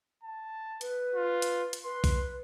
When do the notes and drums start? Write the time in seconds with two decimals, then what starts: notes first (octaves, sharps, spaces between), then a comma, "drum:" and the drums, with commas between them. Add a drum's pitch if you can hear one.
0.24 A5
0.81 B4, drum: hi-hat
1.15 F4
1.42 drum: hi-hat
1.73 drum: hi-hat
1.84 B4 C6
2.04 drum: kick B1, open hi-hat